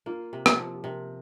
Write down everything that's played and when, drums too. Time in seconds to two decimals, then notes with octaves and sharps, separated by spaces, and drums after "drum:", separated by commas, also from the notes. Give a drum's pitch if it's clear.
0.06 A#3 F4
0.33 C3
0.46 C5, drum: rim click
0.59 F3
0.73 G4
0.84 C3 A#4